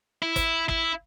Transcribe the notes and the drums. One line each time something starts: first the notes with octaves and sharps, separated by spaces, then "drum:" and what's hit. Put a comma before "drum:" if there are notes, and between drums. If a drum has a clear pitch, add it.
E4
drum: kick, hi-hat
E4, drum: kick